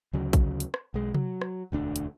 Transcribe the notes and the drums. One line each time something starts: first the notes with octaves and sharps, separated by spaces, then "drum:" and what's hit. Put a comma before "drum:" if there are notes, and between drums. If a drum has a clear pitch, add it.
D2 C#3 F#3
drum: kick, hi-hat
drum: hi-hat
drum: rim click
B1 G#3
F#3, drum: tom C3
drum: rim click
E1 D2 D4
drum: hi-hat